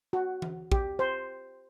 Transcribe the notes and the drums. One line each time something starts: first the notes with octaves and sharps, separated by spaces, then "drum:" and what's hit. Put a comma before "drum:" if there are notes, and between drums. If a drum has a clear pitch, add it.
F#4
drum: tom E3
G4, drum: kick
C5